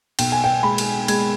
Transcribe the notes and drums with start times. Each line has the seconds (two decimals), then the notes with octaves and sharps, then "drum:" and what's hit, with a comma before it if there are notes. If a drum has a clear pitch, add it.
0.19 B1 G5, drum: cymbal
0.32 G#5
0.44 G5
0.63 G#3 B5
0.78 drum: cymbal
1.08 G#3 G#6, drum: cymbal